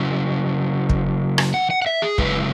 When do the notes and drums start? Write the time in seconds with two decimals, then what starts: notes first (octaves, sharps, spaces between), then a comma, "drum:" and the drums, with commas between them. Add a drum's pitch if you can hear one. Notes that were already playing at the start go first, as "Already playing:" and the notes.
Already playing: C#3 F#3 C#4 E4
0.90 drum: kick
1.38 drum: rim click
1.54 F#5
1.70 F#5
1.82 F#5
1.86 E5
2.02 G#4
2.18 F#2 C#3 G#3 E4 B4, drum: kick